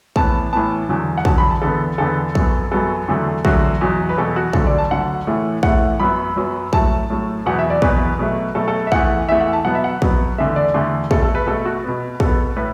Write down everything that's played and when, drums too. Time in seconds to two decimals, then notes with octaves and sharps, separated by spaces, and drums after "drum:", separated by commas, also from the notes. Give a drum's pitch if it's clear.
0.16 A2 E3 B3 A5, drum: kick
0.53 A2 E3 B3 A5
0.89 E2 D3 F#3
1.18 F#5
1.25 E2 D3 F#3 A5, drum: kick
1.38 B5
1.50 A5
1.62 E2 D3 B3 A4
1.98 E2 D3 B3 A4
2.35 F#2 F#3 B3, drum: kick
2.72 F#2 F#3 B3 A4
3.08 E2 D3 F#3 A3
3.45 E2 D3 F#3 A3 F#4, drum: kick
3.81 E2 B2 F#3
4.09 B4
4.17 E2 B2 F#3 A4
4.36 F#4
4.53 D2 D3 F#3 A4, drum: kick
4.67 D5
4.78 A5
4.90 D2 D3 F#3 F#5
5.27 A2 E3 A3
5.63 A2 E3 A3 F#5, drum: kick
6.00 F#2 F#3 B3 B5
6.36 F#2 F#3 B3
6.73 A2 F#3 A3 A5, drum: kick
7.10 A2 F#3 A3
7.46 E2 B2 F#3 B3 F#5
7.59 E5
7.70 D5
7.82 E2 B2 F#3 B3 B4, drum: kick
8.19 B2 F#3 A3
8.55 B2 F#3 A3 A4
8.68 A4
8.87 E5
8.92 E2 E3 A3 F#5, drum: kick
9.28 E2 E3 A3 E5
9.41 F#5
9.53 A5
9.65 B2 F#3 B3 F#5
9.75 E5
9.84 F#5
10.02 B2 F#3 B3, drum: kick
10.38 E2 D3 A3 E5
10.56 D5
10.74 E2 D3 A3
11.11 B2 A3 A4, drum: kick
11.22 A4
11.35 B4
11.47 B2 A3 A4
11.66 F#4
11.84 B2 B3
12.20 B2 B3 A4, drum: kick
12.56 A2 B4